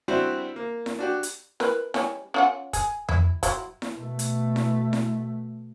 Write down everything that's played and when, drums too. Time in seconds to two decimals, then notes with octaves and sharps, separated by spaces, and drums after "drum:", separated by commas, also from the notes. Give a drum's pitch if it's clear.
0.08 G3 C4 D4 E4 F#4
0.56 A#3
0.86 drum: snare E4
0.99 D4 F#4 G4
1.23 drum: hi-hat
1.60 A#4 B4, drum: snare E4
1.94 G3 C#4, drum: snare E4
2.34 C#4 F4 F#5
2.73 G#4, drum: kick, hi-hat
3.09 E4, drum: tom F2
3.43 F#3 E4 F4, drum: kick, hi-hat
3.82 drum: snare E4
3.98 B2 A3
4.19 drum: hi-hat
4.56 drum: snare E4
4.93 drum: snare E4